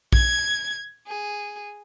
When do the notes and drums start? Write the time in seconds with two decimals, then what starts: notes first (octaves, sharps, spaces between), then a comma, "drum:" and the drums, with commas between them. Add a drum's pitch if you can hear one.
0.12 G#6, drum: kick A#1
1.07 G#4